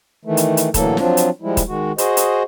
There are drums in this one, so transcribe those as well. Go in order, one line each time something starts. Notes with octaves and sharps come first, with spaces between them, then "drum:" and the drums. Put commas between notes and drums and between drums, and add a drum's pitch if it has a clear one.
D#3 E3 A3
drum: hi-hat
drum: hi-hat
A2 D3 E3 F#3 A#3 A4, drum: kick D#1, hi-hat
F3 F#3 C4 D4 F4, drum: snare
drum: hi-hat
F3 G3 G#3 E4
drum: kick D#1, hi-hat
D#3 G#3 F#4
F#4 G#4 C5 D#5, drum: hi-hat
drum: hi-hat